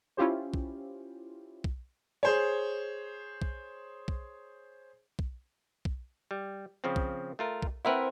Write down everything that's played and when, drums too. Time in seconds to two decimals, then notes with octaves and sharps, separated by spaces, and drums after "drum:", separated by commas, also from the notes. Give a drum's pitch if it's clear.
0.17 C#4 E4 F4 G4 C5
0.54 drum: kick
1.64 drum: kick
2.23 G#4 C5 C#5
3.42 drum: kick
4.08 drum: kick
5.19 drum: kick
5.85 drum: kick
6.31 G3
6.84 C#3 F3 C4
6.96 drum: kick
7.39 A3 F4 A#4
7.62 drum: kick
7.85 C4 E4 A#4 B4 E5 F#5